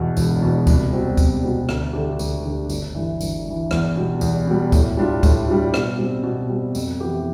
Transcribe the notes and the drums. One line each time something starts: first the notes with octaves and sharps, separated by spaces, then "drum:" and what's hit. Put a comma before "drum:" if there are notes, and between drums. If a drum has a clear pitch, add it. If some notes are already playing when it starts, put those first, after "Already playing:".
Already playing: E2 B2
E1, drum: tambourine
E2 B2
C2, drum: kick D2, tambourine
B2 G3 C4
C2, drum: kick D2, tambourine
B2 G3 C4
D2, drum: rim click
D3 A3 D4 G4
D2, drum: tambourine
D3 A3 D4 G4
G1, drum: tambourine
G2 E3
G1, drum: tambourine
G2 E3
E2, drum: rim click
B2 G3
E2, drum: tambourine
B2 G3
A2, drum: kick D2, tambourine
G3 D4 F4
A2, drum: kick D2, tambourine
G3 D4 F4
B2, drum: rim click
G3 C4
B2
G3 C4
F2, drum: tambourine
E3 B3 E4 G4